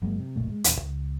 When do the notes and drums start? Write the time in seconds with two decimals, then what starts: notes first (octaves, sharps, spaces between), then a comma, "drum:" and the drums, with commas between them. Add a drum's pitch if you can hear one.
0.02 G1 F#3 G#3 A#3
0.19 C3
0.36 F#1 B1 A#2 A3
0.52 G#3
0.64 D#1 E2, drum: hi-hat
0.81 C#2